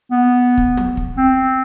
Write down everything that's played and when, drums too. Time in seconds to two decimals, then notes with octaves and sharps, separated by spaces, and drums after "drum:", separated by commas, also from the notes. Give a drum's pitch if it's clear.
0.11 B3
0.57 drum: kick
0.77 drum: tom
0.97 drum: kick
1.17 C4